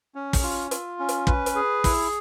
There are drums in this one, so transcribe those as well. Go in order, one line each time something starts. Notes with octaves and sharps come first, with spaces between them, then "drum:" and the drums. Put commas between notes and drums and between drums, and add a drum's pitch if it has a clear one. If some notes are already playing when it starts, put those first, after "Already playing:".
C#4
drum: kick, open hi-hat
F4
F4, drum: hi-hat
C#4
drum: hi-hat
B4, drum: kick
drum: hi-hat
G#4
E4, drum: kick, open hi-hat